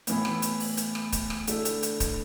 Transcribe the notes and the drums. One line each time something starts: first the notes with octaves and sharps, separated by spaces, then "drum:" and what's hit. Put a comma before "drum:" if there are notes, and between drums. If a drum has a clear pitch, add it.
A2 E3 B3, drum: hi-hat
drum: rim click
drum: hi-hat
drum: open hi-hat
drum: hi-hat
drum: rim click
drum: kick D1, hi-hat
drum: rim click
D3 A3 E4 A4, drum: hi-hat
drum: hi-hat
drum: hi-hat
drum: kick D1, hi-hat